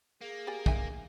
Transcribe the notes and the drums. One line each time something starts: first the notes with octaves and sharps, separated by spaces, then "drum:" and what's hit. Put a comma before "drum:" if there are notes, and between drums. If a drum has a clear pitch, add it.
A#3 G#4
G4 D5 G#5
D#5 E5 G#5, drum: kick